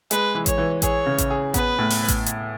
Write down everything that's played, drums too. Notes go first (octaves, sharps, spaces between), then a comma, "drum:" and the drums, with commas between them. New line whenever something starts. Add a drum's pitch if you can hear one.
G#3 B4, drum: hi-hat
E3
C#5, drum: kick A1, hi-hat
E3
G#4 C#5, drum: kick A1, hi-hat
C#3
drum: kick A1, hi-hat
G#4
B3 B4, drum: kick A1, hi-hat
A2
drum: open hi-hat
drum: kick A1, hi-hat
drum: hi-hat